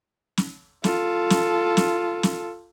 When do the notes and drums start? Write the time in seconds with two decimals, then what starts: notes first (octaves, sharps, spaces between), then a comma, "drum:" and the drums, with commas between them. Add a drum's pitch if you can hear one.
0.37 drum: snare
0.84 F4 A4, drum: snare
1.30 drum: snare
1.77 drum: snare
2.23 drum: snare